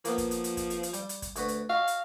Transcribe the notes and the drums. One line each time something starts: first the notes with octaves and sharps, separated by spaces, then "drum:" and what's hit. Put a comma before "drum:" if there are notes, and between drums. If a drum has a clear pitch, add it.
F3 A#3 B3, drum: hi-hat
drum: kick, hi-hat
drum: hi-hat
drum: hi-hat
drum: kick, hi-hat
drum: hi-hat
drum: hi-hat
G3, drum: hi-hat
drum: hi-hat
drum: kick, hi-hat
D2 F#4 B4, drum: hi-hat
drum: hi-hat
F#4 F5
drum: hi-hat